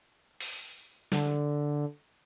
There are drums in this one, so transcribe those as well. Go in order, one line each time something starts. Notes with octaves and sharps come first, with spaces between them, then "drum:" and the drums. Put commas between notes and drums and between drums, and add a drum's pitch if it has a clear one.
drum: open hi-hat
D3, drum: snare